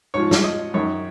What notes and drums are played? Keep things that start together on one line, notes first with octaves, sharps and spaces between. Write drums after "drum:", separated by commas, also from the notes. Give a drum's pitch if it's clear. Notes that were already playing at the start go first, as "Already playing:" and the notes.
G#2 F3 C#5
drum: snare
D#5
F#2 D#3 C#5